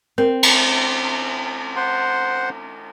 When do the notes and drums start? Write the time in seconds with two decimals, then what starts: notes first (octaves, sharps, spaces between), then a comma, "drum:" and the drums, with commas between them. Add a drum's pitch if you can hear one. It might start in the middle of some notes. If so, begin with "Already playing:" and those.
0.18 C4 A#4
0.43 drum: cymbal
1.76 C5 F#5 C6